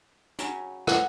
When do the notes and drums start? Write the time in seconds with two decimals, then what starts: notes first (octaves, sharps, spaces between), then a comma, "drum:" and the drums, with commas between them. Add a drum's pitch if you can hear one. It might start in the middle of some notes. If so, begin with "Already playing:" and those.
0.39 C#3 F#3 C#4, drum: hi-hat
0.87 F#5, drum: rim click